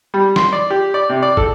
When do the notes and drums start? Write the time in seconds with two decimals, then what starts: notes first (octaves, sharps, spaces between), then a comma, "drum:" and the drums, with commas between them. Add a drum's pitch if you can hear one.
0.14 G3
0.36 C6, drum: snare
0.53 D5
0.71 G4
0.94 D5
1.09 C3
1.23 D5
1.37 A4, drum: kick